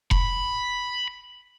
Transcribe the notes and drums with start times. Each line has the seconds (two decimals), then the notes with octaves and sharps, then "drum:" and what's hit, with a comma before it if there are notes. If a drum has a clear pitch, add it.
0.11 B5, drum: kick F1